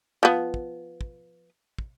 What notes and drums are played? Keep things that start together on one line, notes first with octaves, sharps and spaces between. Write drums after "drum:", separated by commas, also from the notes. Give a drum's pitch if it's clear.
F3 B3
drum: kick
drum: kick
drum: kick